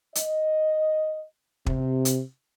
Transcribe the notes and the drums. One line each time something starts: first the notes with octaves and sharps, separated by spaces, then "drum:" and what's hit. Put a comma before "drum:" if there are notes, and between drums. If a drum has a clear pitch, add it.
D#5, drum: hi-hat
C3, drum: kick
drum: hi-hat